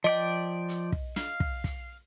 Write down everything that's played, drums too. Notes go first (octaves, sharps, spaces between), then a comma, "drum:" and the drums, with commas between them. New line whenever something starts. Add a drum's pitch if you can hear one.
F3 D5 D#5 G5
drum: hi-hat
drum: kick
F5, drum: snare
drum: kick
drum: kick, hi-hat